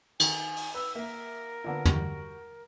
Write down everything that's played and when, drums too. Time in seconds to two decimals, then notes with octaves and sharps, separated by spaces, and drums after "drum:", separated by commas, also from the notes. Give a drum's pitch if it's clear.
0.20 D#3 G#5, drum: cymbal
0.56 drum: open hi-hat
0.74 B4 E6
0.95 A#3 A#4 E5
1.64 A#2 D3 B3
1.85 G3 F#4, drum: tom